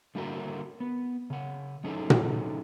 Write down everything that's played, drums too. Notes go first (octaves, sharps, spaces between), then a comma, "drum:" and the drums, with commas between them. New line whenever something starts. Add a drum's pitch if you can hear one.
D3 G3 A#3 E4 F#4 A#4
B3
C#3 F#5
F#3 C#4 D#4 E4 G#4 A4
drum: tom A#2